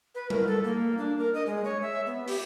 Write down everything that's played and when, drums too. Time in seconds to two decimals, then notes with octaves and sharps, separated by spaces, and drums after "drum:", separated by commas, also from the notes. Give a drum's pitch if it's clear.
0.15 B4
0.30 A#4, drum: tom G3
0.47 A4
0.64 A#3
0.98 D4
1.19 A#4
1.34 D#5
1.46 G#3
1.65 C#5
1.82 E5
2.06 B3
2.28 G4, drum: open hi-hat